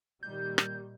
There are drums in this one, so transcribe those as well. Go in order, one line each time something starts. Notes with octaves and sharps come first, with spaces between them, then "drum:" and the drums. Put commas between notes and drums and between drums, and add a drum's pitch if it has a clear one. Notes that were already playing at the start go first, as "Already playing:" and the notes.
A#2 D#3 G3 G6
drum: rim click